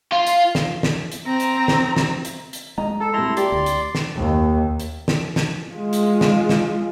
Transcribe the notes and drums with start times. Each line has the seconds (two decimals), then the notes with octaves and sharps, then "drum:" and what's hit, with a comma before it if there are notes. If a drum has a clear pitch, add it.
0.12 F4
0.27 drum: hi-hat
0.55 drum: snare
0.83 drum: snare
1.12 drum: hi-hat
1.27 C4 A#5
1.40 drum: hi-hat
1.68 drum: snare
1.96 drum: snare
2.25 drum: hi-hat
2.53 drum: hi-hat
2.78 G#3 D#5 A#5
3.00 A4 A5
3.13 C2 E4 A5 A#5 C6
3.37 G4 D5 C6, drum: hi-hat
3.52 D2
3.66 drum: hi-hat
3.95 drum: snare
4.15 D#2
4.80 drum: hi-hat
5.08 drum: snare
5.36 drum: snare
5.73 G#3 F4
5.93 drum: hi-hat
6.21 drum: snare
6.49 drum: snare